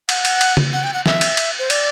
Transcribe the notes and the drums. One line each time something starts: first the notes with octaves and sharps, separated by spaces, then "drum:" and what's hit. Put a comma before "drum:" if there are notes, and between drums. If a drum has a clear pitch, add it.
F#5, drum: cymbal
drum: cymbal
drum: cymbal
drum: tom C#3
F#5
G5
F#5
E5, drum: snare
drum: cymbal
drum: cymbal
C5
D5, drum: cymbal